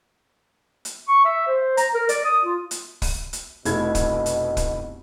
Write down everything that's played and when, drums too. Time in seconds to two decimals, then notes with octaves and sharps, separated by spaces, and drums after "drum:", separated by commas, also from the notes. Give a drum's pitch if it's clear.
0.85 drum: hi-hat
1.08 C#6
1.25 E5
1.47 C5
1.77 A#5, drum: hi-hat
1.94 A#4
2.09 D5, drum: hi-hat
2.24 D#6
2.45 F4
2.71 drum: hi-hat
3.02 drum: kick, open hi-hat
3.33 drum: hi-hat
3.65 F1 B2 E4 G#6, drum: hi-hat
3.95 drum: kick, hi-hat
4.26 drum: hi-hat
4.57 drum: kick, hi-hat